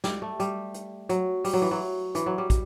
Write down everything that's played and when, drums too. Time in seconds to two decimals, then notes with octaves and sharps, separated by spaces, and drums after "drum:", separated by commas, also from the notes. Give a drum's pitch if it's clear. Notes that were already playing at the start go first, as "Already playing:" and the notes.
0.04 G3, drum: snare
0.22 A3
0.40 G3, drum: hi-hat
0.74 drum: hi-hat
1.09 F#3, drum: hi-hat
1.44 G3, drum: open hi-hat
1.53 F#3
1.62 E3
1.71 F#3
2.15 E3, drum: hi-hat
2.26 F#3
2.38 G3
2.50 drum: kick, hi-hat